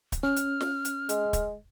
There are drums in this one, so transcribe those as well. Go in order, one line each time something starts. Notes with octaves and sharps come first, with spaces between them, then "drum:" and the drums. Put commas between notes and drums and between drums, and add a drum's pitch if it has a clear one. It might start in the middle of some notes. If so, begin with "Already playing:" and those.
drum: kick, hi-hat
C#4 F6
drum: hi-hat
drum: snare
drum: hi-hat
G#3, drum: hi-hat
drum: kick, hi-hat